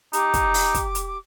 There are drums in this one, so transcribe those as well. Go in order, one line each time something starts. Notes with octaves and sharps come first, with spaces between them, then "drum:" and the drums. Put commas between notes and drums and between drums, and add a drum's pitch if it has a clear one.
D#4 G4 D6, drum: hi-hat
drum: kick, hi-hat
drum: open hi-hat
drum: kick, hi-hat
drum: hi-hat